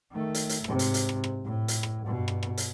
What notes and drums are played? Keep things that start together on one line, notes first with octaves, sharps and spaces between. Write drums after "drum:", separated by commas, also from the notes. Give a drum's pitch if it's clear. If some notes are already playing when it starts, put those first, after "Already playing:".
D#3 A3
drum: hi-hat
drum: hi-hat
G#2 C3, drum: rim click
drum: hi-hat
drum: hi-hat
drum: rim click
drum: rim click
A2
drum: hi-hat
drum: rim click
G2 B2
drum: rim click
drum: rim click
drum: hi-hat